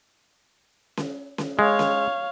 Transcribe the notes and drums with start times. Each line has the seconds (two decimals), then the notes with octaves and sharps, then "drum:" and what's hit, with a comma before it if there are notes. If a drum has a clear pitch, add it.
0.97 drum: snare C#4
1.38 drum: snare C#4
1.59 G#3 C#5 F5
1.79 drum: snare C#4